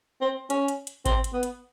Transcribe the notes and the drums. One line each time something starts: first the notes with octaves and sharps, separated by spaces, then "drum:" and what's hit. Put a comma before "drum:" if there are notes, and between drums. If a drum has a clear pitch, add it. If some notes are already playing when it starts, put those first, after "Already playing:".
C4
C#4, drum: hi-hat
drum: hi-hat
drum: hi-hat
C4, drum: kick G#1, hi-hat
drum: hi-hat
B3
drum: hi-hat